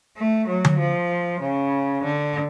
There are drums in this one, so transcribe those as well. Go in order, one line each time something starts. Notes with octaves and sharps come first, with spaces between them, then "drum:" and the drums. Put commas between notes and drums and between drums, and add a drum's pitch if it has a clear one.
A3
F#3
drum: tom D3
F3
C#3
D3